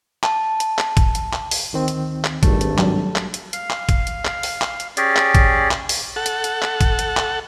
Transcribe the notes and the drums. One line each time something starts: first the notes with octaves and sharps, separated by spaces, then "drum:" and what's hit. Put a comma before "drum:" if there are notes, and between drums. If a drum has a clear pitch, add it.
A5, drum: clap
drum: hi-hat
drum: clap
drum: kick A1, hi-hat
drum: hi-hat
drum: clap
drum: open hi-hat
D2 D#3 C4
drum: hi-hat
drum: clap
G#1 G2 G3 A3, drum: kick A1, hi-hat
drum: hi-hat
F#3, drum: clap
drum: clap
drum: hi-hat
F5, drum: hi-hat
drum: clap
drum: kick A1, hi-hat
drum: hi-hat
drum: clap
drum: open hi-hat
drum: clap
drum: hi-hat
C#4 G4 G#4 D5, drum: hi-hat
drum: clap
drum: kick A1, hi-hat
drum: clap
drum: open hi-hat
A4 F#5
drum: hi-hat
drum: hi-hat
drum: clap
drum: kick A1, hi-hat
drum: hi-hat
drum: clap